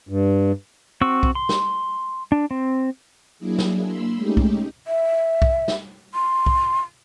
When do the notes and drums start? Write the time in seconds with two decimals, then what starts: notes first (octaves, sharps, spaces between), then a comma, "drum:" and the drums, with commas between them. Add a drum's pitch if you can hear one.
0.09 G2
1.01 C4 F#4 C#6 E6
1.23 drum: kick B1
1.35 C6
1.49 drum: snare
2.32 D4
2.51 C4
3.39 F#3 A#3 D4 E4 G#4
3.59 drum: snare
3.85 A#3 B5 C6 E6
4.16 G#3 A3 C#4 D#4 G4
4.37 drum: kick B1
4.87 E5
5.42 drum: kick B1
5.68 drum: snare
6.14 C6
6.46 drum: kick B1